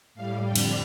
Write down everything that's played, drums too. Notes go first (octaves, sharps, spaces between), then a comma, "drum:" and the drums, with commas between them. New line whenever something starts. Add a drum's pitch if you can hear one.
A2 G3 F5
F2 D3 G3 G5
drum: cymbal